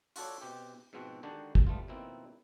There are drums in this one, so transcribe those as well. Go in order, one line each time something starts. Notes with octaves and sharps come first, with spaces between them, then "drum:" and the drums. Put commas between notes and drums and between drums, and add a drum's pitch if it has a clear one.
F4 F#4 A4 C#5 D5, drum: open hi-hat
B2 C4 G4
G#2 B2 F3 C4 F#4
D3 D#3 G#3 D4 F#4 G4
drum: kick
G3 A3 B3 F4
F2 B2 D#3 A#3 C4 E4